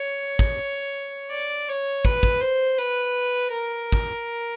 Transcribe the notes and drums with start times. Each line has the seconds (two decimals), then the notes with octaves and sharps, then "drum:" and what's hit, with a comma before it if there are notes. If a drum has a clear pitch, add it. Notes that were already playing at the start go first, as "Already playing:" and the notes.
Already playing: C#5
0.39 drum: kick
1.31 D5
1.69 C#5
2.05 B4, drum: kick
2.23 drum: kick
2.41 C5
2.78 B4, drum: hi-hat
3.52 A#4
3.92 drum: kick